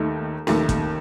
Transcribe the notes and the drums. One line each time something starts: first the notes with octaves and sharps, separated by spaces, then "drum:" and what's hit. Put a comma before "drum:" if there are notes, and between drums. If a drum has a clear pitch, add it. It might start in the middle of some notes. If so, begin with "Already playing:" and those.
Already playing: D#2 D#3 A3
D#2 D#3 A3, drum: snare
drum: kick, hi-hat